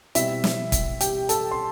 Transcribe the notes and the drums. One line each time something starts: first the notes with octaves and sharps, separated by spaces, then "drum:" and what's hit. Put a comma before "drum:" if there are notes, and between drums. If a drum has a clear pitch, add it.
B2 G3 C4 E4 E5, drum: hi-hat
drum: snare
drum: kick, hi-hat
G4 G5, drum: hi-hat
A4 A5, drum: hi-hat
C6